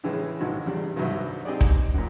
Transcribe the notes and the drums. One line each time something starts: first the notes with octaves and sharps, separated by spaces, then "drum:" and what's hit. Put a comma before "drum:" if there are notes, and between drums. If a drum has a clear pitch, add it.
A2 C#3 E3 G#3
A1 G#2 D#3 F#4
E2 C#3 G3
C2 G2 D#3 F#3 B4 E5
C4 D#4 G4 G#4 D5
drum: kick
F#2 A#2